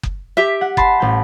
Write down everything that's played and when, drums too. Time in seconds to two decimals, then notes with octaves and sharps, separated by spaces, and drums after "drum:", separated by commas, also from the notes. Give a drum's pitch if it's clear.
0.03 drum: kick F#1
0.37 G4 E5
0.61 F#5
0.77 A5 B5 C6, drum: kick F#1
1.00 A1 G5